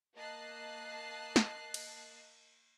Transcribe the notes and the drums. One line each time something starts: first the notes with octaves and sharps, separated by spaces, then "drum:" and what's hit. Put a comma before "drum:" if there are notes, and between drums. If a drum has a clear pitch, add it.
A#3 D#5 A5 F#6 C7
drum: snare
drum: cymbal